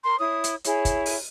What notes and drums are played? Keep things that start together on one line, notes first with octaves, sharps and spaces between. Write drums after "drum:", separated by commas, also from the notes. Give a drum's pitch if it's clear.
A#4 C6
E4 C#5 D#6
drum: hi-hat
E4 G#4 C#5, drum: hi-hat
drum: kick, hi-hat
drum: open hi-hat